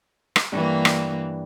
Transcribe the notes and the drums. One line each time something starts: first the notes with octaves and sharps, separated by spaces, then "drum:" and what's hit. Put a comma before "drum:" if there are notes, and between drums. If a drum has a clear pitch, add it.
drum: rim click
G2 E3 A#3 G4
drum: rim click